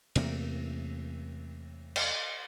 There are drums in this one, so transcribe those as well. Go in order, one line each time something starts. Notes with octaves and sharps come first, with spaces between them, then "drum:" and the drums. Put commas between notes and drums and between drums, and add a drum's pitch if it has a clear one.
E2 C3 A3 A#3, drum: cymbal
drum: cymbal